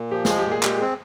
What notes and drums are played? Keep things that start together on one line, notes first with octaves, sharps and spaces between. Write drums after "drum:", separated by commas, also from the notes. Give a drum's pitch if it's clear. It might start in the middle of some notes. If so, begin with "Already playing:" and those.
Already playing: A#2
F3 G4
G#3 G#4, drum: snare
G4
A#2
G#4
G#3 G4, drum: clap
C4 G#4